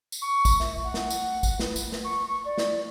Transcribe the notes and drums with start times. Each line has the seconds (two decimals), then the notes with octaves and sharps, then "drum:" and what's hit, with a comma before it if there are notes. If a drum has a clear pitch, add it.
0.12 drum: tambourine
0.22 C#6
0.45 drum: kick, tambourine
0.60 E5, drum: snare
0.84 F#5
0.94 drum: snare
1.10 drum: tambourine
1.43 drum: kick, tambourine
1.59 B4, drum: snare
1.76 drum: tambourine
1.92 drum: snare
2.04 C#6
2.28 C#6
2.45 D5
2.58 drum: snare